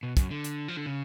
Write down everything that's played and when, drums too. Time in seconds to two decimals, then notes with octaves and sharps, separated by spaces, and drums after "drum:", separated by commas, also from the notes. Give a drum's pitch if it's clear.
0.03 B2
0.17 F#2, drum: kick, hi-hat
0.31 D3
0.44 drum: hi-hat
0.68 F3
0.77 D3
0.86 C#3